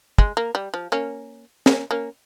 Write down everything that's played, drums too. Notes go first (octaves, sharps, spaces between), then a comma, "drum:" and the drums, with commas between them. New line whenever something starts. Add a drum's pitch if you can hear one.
G#3, drum: kick
A#3
G3
F3
A#3 C#4
A#3 C#4, drum: snare
A#3 C#4